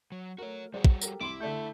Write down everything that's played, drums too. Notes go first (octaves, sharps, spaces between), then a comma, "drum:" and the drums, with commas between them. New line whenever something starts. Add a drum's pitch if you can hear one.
F#3
A3 F#4 A#4 C#5
G3 F#4 G#4 C5 D5
drum: kick
G4 A4 A#4, drum: tambourine
C2 E4 C6 D6 F#7
D3 A3 D5 G6